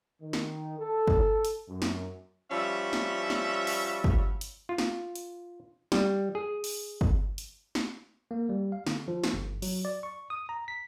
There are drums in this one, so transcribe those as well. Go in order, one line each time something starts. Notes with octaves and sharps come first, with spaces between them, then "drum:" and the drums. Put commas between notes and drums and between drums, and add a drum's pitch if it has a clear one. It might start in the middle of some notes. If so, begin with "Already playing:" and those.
D#3
drum: snare
A4
drum: kick
drum: hi-hat
F#2
drum: snare
F3 G3 C#4 F#4 E5
drum: snare
drum: snare
drum: open hi-hat
drum: kick
drum: hi-hat
F4
drum: snare
drum: hi-hat
G3, drum: snare
G#4
drum: open hi-hat
drum: kick
drum: hi-hat
drum: snare
A#3
G3
F5
D3, drum: snare
F3
drum: snare
G1
F#3, drum: open hi-hat
D5
C#6
D#6
A#5
B6